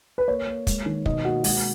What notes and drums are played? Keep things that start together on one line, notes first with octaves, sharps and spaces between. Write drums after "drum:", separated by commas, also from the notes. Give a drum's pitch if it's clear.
B4
A#3 C#5
A#3
G#3, drum: kick, hi-hat
D#3
B2 D#4 D#5, drum: kick
A#3 F#4 F#5
G#3 F#4 F#5, drum: open hi-hat